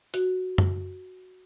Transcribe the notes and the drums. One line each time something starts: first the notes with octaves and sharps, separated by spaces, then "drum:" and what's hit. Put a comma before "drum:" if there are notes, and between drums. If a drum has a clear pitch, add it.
F#4, drum: hi-hat
drum: tom F#2